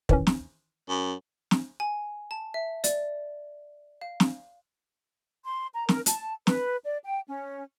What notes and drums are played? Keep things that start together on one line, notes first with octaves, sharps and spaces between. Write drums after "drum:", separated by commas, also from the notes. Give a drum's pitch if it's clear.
D#3 E3 C#4, drum: kick
drum: snare
F#2
drum: snare
G#5
A5
E5
D5, drum: hi-hat
F5
drum: snare
C6
A#5
A#4, drum: snare
A5, drum: hi-hat
B4, drum: snare
D5
G5
C#4